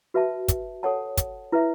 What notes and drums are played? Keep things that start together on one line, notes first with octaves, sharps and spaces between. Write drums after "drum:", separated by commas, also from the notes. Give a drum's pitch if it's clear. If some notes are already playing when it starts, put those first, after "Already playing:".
F#4 B4 E5 A5
drum: kick, hi-hat
A4 C#5 F#5 A5
drum: kick, hi-hat
E4 B4 E5